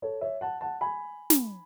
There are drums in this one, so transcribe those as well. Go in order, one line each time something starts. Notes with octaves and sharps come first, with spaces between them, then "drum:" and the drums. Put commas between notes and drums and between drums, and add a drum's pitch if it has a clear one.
A4 C#5
C#5 E5
F#5 A5
F#5 A5
G#5 B5
drum: snare